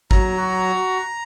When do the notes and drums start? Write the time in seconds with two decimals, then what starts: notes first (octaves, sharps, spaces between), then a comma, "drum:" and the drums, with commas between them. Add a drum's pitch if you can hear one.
0.11 F#3 A#5, drum: kick G#1
0.37 F#4